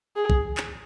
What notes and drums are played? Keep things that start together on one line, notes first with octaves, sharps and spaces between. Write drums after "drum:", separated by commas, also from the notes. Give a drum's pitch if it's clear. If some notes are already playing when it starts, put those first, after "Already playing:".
G#4
drum: kick
drum: clap